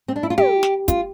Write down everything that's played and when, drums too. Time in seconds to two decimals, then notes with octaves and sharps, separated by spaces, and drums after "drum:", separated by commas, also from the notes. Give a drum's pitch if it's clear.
0.08 C4
0.16 D4
0.23 E4
0.30 F4
0.38 G4, drum: tom
0.63 drum: snare
0.88 F4, drum: kick, hi-hat